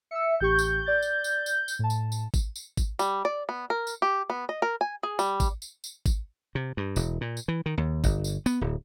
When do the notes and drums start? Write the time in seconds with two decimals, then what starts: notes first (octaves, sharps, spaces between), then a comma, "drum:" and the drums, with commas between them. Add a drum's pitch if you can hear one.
0.11 E5 E6 C#7
0.40 A1 G4 C#6 G6
0.59 drum: tambourine
0.86 D5 A6
1.02 drum: tambourine
1.24 drum: tambourine
1.46 drum: tambourine
1.68 drum: tambourine
1.79 A2 A5
1.90 drum: tambourine
2.12 drum: tambourine
2.34 drum: kick, tambourine
2.56 drum: tambourine
2.77 drum: kick, tambourine
2.99 G3, drum: tambourine
3.25 D5
3.49 B3
3.70 A#4
3.87 drum: tambourine
4.02 G4
4.30 B3
4.49 D#5
4.62 A#4
4.81 G#5
5.03 G#4
5.19 G3, drum: tambourine
5.40 drum: kick, tambourine
5.62 drum: tambourine
5.84 drum: tambourine
6.06 drum: kick, tambourine
6.55 C3
6.77 G2
6.96 E1, drum: tambourine
7.21 A#2
7.37 drum: tambourine
7.48 E3
7.66 D#3
7.78 D#2
8.04 G1, drum: kick, tambourine
8.24 drum: tambourine
8.46 B3, drum: tambourine
8.61 D1